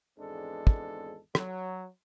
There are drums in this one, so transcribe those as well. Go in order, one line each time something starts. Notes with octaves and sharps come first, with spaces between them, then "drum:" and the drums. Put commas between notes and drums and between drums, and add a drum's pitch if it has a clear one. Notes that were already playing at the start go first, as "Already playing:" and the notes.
G#1 E2 G#3 C4 D4 A4
drum: kick
F#3, drum: rim click